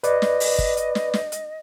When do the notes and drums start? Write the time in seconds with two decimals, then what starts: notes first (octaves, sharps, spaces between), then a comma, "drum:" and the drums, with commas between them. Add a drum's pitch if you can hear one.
0.04 B4 D5 D#5, drum: hi-hat
0.22 drum: snare
0.40 drum: open hi-hat
0.59 drum: kick
0.77 drum: hi-hat
0.95 drum: snare
1.14 drum: snare
1.32 drum: hi-hat